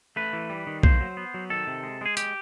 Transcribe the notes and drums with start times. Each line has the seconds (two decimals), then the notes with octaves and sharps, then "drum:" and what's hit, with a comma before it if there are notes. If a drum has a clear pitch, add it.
0.16 A3 B4
0.33 E3
0.50 G3
0.67 D#3
0.83 A#3 C5, drum: kick B1
1.01 F#3
1.17 B3
1.34 F#3
1.50 D#3 A4
1.67 C3
1.83 G#3
2.01 G#3 G#4
2.17 G4, drum: hi-hat